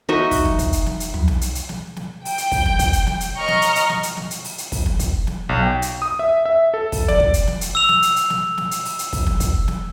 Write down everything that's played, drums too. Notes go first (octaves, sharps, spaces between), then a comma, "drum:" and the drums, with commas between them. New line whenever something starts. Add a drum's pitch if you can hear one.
D#4 F#4 D#5 E5
drum: kick, open hi-hat
drum: snare
drum: kick, hi-hat
drum: hi-hat
drum: snare
drum: hi-hat
drum: tom
drum: snare
drum: hi-hat
drum: hi-hat
drum: snare
drum: snare
G5, drum: open hi-hat
drum: hi-hat
drum: kick, open hi-hat
drum: snare
drum: kick, hi-hat
drum: hi-hat
drum: snare
drum: hi-hat
D#5 A#5 C#6 F6
drum: snare
drum: hi-hat
drum: hi-hat
drum: snare
drum: hi-hat
drum: snare
drum: hi-hat
drum: open hi-hat
drum: hi-hat
drum: kick, open hi-hat
drum: snare
drum: kick, hi-hat
drum: snare
B1
G5
drum: hi-hat
D#6
E5
E5
A4
drum: kick, open hi-hat
D5, drum: snare
drum: kick
drum: hi-hat
drum: snare
drum: hi-hat
E6 F7
drum: snare
drum: hi-hat
drum: hi-hat
drum: snare
drum: snare
drum: hi-hat
drum: open hi-hat
drum: hi-hat
drum: kick, open hi-hat
drum: snare
drum: kick, hi-hat
drum: snare